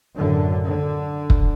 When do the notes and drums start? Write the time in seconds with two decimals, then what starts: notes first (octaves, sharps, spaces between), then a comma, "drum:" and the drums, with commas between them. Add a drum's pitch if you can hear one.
0.15 F#2 A2 D3
0.65 D3
1.30 drum: kick